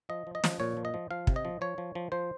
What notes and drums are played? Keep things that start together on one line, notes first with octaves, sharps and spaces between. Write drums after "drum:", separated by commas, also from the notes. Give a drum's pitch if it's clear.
F3 D#5
F3
D#5
F3, drum: snare
A#2 C#5
F3
D#5
F3
F3 F5
C3, drum: kick
D#5
F3
F3 C#5
F3
F3
F3 C5